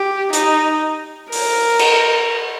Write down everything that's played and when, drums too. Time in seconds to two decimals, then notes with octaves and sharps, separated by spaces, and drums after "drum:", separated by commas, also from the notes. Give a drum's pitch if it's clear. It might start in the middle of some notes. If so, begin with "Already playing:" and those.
Already playing: G4
0.33 D#4, drum: hi-hat
1.32 A#4, drum: open hi-hat
1.79 drum: cymbal